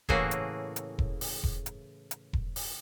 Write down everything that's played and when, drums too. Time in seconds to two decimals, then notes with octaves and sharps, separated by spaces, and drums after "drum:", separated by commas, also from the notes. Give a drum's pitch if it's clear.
0.09 A2 C#3 E3 A#3 F#4 G#4, drum: kick E1
0.31 drum: hi-hat
0.76 drum: hi-hat
0.99 drum: kick E1
1.21 drum: open hi-hat
1.43 drum: kick E1
1.66 drum: hi-hat
2.11 drum: hi-hat
2.33 drum: kick E1
2.56 drum: open hi-hat